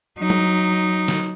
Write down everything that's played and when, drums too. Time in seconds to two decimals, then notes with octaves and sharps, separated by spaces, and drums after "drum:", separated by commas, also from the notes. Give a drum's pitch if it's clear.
0.19 F#3 D#4
0.30 drum: tom
1.08 drum: snare